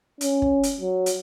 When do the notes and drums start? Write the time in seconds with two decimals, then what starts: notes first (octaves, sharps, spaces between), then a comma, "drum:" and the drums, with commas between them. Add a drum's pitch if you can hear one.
0.21 C#4, drum: hi-hat
0.42 drum: kick
0.63 drum: hi-hat
0.81 F#3
1.06 drum: hi-hat